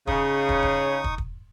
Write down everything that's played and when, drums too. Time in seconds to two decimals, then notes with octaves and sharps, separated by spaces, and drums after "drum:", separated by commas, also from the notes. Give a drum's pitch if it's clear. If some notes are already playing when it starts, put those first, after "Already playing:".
0.07 C#3 D#4 C#6 D#6, drum: kick
0.49 drum: kick
0.63 drum: kick
1.04 drum: kick
1.18 drum: kick